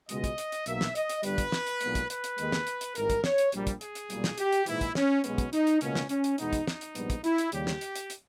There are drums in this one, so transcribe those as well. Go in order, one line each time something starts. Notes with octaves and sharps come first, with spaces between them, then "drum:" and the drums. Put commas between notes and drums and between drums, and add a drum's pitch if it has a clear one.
C#2 B2 G#3 D#5, drum: hi-hat
drum: kick, hi-hat
drum: hi-hat
drum: hi-hat
B1 B2 A#3 E5, drum: hi-hat
drum: snare
D#5, drum: hi-hat
drum: hi-hat
G1 G2 G3 B4, drum: hi-hat
drum: kick, hi-hat
drum: snare
drum: hi-hat
B1 A#2 G#3 B3, drum: hi-hat
drum: kick, hi-hat
B4, drum: hi-hat
drum: hi-hat
D#2 D#3 G#3, drum: hi-hat
drum: snare
drum: hi-hat
drum: hi-hat
G#1 G#2 E3 G3 A#4, drum: hi-hat
drum: kick, hi-hat
C#5, drum: snare
drum: hi-hat
A#1 A#2 G3 A#3, drum: hi-hat
drum: kick, hi-hat
G#4, drum: hi-hat
drum: hi-hat
B1 A#2 G3 A#3, drum: hi-hat
drum: snare
G4, drum: hi-hat
drum: hi-hat
A#1 G#2 E3 E4, drum: hi-hat
drum: kick, hi-hat
C#4, drum: snare
B1 B2 G#3 B3 C#4, drum: hi-hat
drum: kick, hi-hat
D#4, drum: hi-hat
drum: hi-hat
C#2 B2 A#3 C#4, drum: hi-hat
drum: snare
C#4, drum: hi-hat
drum: hi-hat
E2 B2 G#3 B3 D#4, drum: hi-hat
drum: kick, hi-hat
D#4, drum: snare
drum: hi-hat
A#1 G#2 G3 B3, drum: hi-hat
drum: kick, hi-hat
E4, drum: hi-hat
drum: hi-hat
D#2 C#3 G3 G4, drum: hi-hat
drum: snare
drum: hi-hat
drum: hi-hat
drum: hi-hat